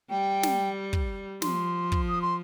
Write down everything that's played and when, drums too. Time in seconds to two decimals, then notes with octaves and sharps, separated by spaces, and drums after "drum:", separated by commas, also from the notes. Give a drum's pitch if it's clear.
0.10 G3 G5
0.43 drum: snare
0.93 drum: kick
1.42 F3 C6, drum: snare
1.92 drum: kick
2.08 D#6
2.22 C6